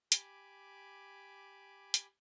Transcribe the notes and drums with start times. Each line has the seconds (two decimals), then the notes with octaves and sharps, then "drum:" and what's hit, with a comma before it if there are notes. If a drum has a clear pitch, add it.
0.12 G4 G#5 B5 D6, drum: hi-hat
1.94 drum: hi-hat